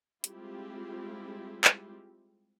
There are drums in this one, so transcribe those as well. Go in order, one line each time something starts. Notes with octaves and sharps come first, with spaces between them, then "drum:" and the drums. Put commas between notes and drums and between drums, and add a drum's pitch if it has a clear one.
G3 G#3 C4 E4 F4 G4, drum: hi-hat
drum: clap